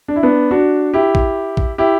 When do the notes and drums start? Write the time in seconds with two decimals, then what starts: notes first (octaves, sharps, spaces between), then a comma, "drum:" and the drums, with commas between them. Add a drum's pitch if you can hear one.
0.08 D4
0.16 E4
0.23 B3 D4
0.51 D4 F#4
0.94 E4 G4
1.15 drum: kick
1.57 drum: kick
1.78 E4 G4